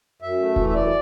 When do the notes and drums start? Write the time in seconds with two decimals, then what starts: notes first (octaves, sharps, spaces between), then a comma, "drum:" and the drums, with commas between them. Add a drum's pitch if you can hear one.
0.22 F#2 E5
0.39 A3
0.56 E3, drum: kick D#1
0.69 E5
0.74 F#2 D5